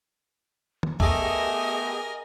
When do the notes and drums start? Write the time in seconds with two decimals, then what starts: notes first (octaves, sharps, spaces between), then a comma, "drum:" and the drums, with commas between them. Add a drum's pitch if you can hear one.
0.83 drum: tom
1.00 A3 B3 G4 G#4 A#4 D#5 G#5, drum: kick